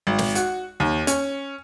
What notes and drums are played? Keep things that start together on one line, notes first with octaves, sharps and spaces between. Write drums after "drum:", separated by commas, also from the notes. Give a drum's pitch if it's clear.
G#1
drum: snare
F#4, drum: hi-hat
D#2
C#4, drum: hi-hat